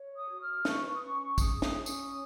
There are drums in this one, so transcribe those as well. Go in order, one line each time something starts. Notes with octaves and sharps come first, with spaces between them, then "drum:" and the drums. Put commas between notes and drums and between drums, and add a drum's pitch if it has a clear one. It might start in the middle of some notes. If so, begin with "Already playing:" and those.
Already playing: C#5
D#6
F#4
F6
B4 C#6, drum: snare
C#6
D#6
C#4 C#6
C#6
G#4 D#6, drum: kick, tambourine
D#6, drum: snare
C#4
D#6, drum: tambourine
C#5